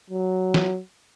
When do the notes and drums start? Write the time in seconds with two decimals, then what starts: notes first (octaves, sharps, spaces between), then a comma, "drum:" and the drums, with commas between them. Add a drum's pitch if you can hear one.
0.10 F#3
0.54 drum: snare